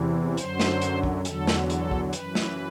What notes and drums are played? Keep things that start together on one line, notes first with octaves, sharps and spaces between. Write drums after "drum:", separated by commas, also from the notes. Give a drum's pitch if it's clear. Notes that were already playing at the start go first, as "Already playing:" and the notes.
Already playing: E2 C3 E3
F#2 D3 F#3 C5, drum: hi-hat
drum: snare
drum: hi-hat
drum: kick
E2 D3 F#3 A4, drum: hi-hat
drum: snare
A4, drum: hi-hat
drum: kick
F#2 E3 B4, drum: hi-hat
drum: snare